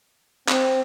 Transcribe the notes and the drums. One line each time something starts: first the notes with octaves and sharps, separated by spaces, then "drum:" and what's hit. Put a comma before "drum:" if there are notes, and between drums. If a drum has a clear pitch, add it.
C4, drum: clap